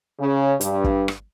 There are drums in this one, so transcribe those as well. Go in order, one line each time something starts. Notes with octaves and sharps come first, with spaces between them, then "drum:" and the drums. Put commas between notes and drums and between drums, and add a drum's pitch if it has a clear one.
C#3
G2, drum: hi-hat
drum: kick
drum: rim click